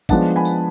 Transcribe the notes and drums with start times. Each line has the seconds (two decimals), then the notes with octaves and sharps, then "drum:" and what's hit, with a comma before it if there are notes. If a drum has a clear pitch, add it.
0.09 F3 G#3 B3 D4 F#5 A5, drum: kick, tambourine
0.36 G#5 B5
0.45 drum: tambourine